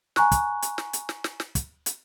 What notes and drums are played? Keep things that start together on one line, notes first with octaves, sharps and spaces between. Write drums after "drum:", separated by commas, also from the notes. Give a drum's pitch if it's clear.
G#5 A#5 C#6 F#6, drum: snare
drum: kick, hi-hat
drum: hi-hat
drum: snare
drum: hi-hat
drum: snare
drum: snare
drum: snare
drum: kick, hi-hat
drum: hi-hat